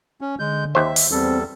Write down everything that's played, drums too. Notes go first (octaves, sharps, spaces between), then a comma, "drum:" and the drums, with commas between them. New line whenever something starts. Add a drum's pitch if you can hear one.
C#4
D3 G#3 G6
D#2 C5 E5 E6
drum: open hi-hat
E2 G3 C4 A4